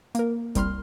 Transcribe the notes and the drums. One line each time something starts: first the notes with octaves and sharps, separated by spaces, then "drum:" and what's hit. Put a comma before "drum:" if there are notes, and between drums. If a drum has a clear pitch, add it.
A#3 A#4, drum: hi-hat
C2 G3 C6 F6, drum: kick F1, hi-hat